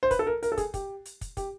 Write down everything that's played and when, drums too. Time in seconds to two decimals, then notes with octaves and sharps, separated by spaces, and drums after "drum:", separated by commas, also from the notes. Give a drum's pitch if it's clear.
0.03 C5
0.11 B4, drum: kick, hi-hat
0.19 A4
0.27 A#4
0.43 A#4, drum: hi-hat
0.52 A4
0.57 G#4, drum: kick, hi-hat
0.74 G4, drum: kick, hi-hat
1.05 drum: hi-hat
1.21 drum: kick, hi-hat
1.37 G4, drum: kick, hi-hat